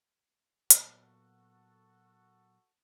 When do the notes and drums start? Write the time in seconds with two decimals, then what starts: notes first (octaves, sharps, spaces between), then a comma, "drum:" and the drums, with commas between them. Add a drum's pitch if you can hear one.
0.70 A#2 F#3 B3 F#4 A4, drum: hi-hat